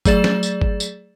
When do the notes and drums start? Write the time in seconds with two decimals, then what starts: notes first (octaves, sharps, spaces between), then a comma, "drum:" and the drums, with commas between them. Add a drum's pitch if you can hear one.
0.05 F#3 A3 G#4 D5 A6 E7, drum: kick G1, tambourine
0.24 drum: snare
0.43 drum: tambourine
0.62 drum: kick G1
0.80 drum: tambourine